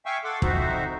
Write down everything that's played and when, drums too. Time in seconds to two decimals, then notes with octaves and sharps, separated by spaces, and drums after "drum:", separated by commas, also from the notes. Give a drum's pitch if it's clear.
0.06 E5 F5 G5 G#5 C#6 E6
0.24 A4 F#5 C6 D6 E6
0.42 F2 D#4 F#4 C5 E5, drum: kick